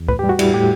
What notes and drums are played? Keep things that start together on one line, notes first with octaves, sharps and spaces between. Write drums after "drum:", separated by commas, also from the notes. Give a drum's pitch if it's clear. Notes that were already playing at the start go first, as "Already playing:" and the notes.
Already playing: E2
A2 B4, drum: kick
G4
G3
F#4
G3 E4, drum: cymbal
A2 G4